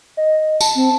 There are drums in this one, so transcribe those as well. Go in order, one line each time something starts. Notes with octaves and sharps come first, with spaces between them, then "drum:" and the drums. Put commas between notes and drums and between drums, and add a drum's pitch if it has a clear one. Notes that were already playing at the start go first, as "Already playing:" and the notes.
D#5
A5, drum: tambourine
C4